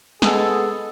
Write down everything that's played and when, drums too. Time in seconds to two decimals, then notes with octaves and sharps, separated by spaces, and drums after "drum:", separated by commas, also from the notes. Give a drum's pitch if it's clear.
0.22 G#3 B3 G#4 A4, drum: snare